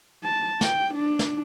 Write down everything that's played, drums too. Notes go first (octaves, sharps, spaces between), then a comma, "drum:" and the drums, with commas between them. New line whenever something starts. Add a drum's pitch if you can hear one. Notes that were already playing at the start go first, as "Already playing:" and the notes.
A5
G5, drum: snare
D4
drum: snare